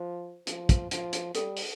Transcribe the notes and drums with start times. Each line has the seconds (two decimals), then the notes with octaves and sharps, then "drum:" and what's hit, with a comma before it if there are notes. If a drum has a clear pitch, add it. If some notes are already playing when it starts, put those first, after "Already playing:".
Already playing: F3 C5
0.47 F3, drum: hi-hat
0.69 drum: kick, hi-hat
0.91 F3, drum: hi-hat
1.13 drum: hi-hat
1.35 G3 A4, drum: hi-hat
1.57 drum: open hi-hat